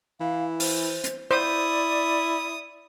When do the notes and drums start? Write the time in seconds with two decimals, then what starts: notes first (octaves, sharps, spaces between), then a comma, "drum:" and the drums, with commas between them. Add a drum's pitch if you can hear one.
0.20 E3 F5
0.60 C5, drum: open hi-hat
1.04 drum: hi-hat
1.31 E4 C5 D5 D#6